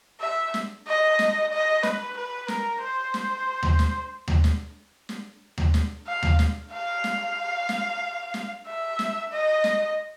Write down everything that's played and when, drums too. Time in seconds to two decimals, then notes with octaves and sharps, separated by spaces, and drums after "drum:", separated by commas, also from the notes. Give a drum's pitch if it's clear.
0.21 E5
0.54 drum: snare
0.87 D#5
1.19 drum: snare
1.52 D#5
1.83 B4, drum: snare
2.17 B4
2.48 A#4, drum: snare
2.81 C5
3.14 drum: snare
3.63 drum: tom D#2
3.79 drum: snare
4.28 drum: tom D#2
4.44 drum: snare
5.09 drum: snare
5.58 drum: tom D#2
5.74 drum: snare
6.07 F5
6.23 drum: tom D#2
6.39 drum: snare
6.72 F5
7.04 drum: snare
7.69 drum: snare
8.34 drum: snare
8.66 E5
8.99 drum: snare
9.32 D#5
9.64 drum: snare